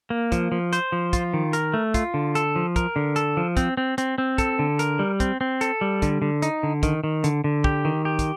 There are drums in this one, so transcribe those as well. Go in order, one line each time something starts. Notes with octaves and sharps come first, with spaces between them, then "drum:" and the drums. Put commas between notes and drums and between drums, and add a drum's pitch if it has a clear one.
A#3
F3, drum: kick, hi-hat
F3
C5, drum: hi-hat
F3
F4, drum: kick, hi-hat
D#3
A#4, drum: hi-hat
A3
F4, drum: kick, hi-hat
D3
A4, drum: hi-hat
F3
A#4, drum: kick, hi-hat
D3
A4, drum: hi-hat
F3
C4, drum: kick, hi-hat
C4
C4, drum: hi-hat
C4
A4, drum: kick, hi-hat
D3
A#4, drum: hi-hat
G3
C4, drum: kick, hi-hat
C4
A4, drum: hi-hat
G3
D3, drum: kick, hi-hat
D3
D#4, drum: hi-hat
D3
D#3, drum: kick, hi-hat
D#3
D3, drum: hi-hat
D3
G4, drum: kick
D#3
G4
drum: kick, hi-hat